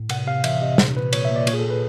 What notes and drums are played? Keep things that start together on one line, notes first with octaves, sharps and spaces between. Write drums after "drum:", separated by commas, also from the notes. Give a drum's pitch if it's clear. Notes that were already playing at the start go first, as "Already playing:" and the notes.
Already playing: A2
C3 F#5, drum: cymbal
C3 F5
E3 E5, drum: cymbal
C3 D#5
A#2 C5, drum: snare
A#2 B4
A#2 C#5, drum: cymbal
E5
A#3 D5
A#2 C#5, drum: cymbal
G#4
A4
A#2
B4